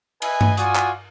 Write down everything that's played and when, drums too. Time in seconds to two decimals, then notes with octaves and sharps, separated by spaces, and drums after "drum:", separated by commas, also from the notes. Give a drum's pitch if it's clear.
0.22 B4 D#5 E5 G#5, drum: cymbal
0.41 drum: tom G2
0.57 F4 F#4 D5 G#5 D#6, drum: hi-hat
0.75 drum: clap